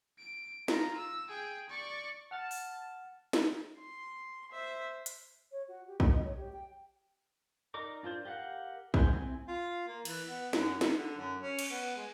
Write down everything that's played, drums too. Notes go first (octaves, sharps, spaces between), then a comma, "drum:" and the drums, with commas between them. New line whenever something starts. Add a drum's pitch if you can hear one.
D7
F4 A#5, drum: snare
E6
G#4 G5
D5 C#6
F#5 A5 F6 A6
drum: open hi-hat
drum: snare
C6
C5 E5
drum: hi-hat
C#5
F#4
G4
A4, drum: kick B1
D#5
C#5
G4
G5
D#4 A#4 D5 D6
D4 F4 A#4 C5 D5
G4 A#4 F5 F#5
D3 F#4 G#4 C5, drum: kick B1
C4 E4 G#5
F4
A#3
E3, drum: cymbal
B3
F#2, drum: snare
C3, drum: snare
D3
F#2
C#4
drum: cymbal
B3
G#3